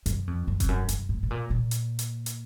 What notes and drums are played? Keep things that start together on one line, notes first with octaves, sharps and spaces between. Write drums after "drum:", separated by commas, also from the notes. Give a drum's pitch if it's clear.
F#2, drum: hi-hat
F2
F#2
F2, drum: kick E1, hi-hat
F#2
F#2, drum: hi-hat
A2
A2
A#2
A#2
drum: hi-hat
drum: hi-hat
drum: hi-hat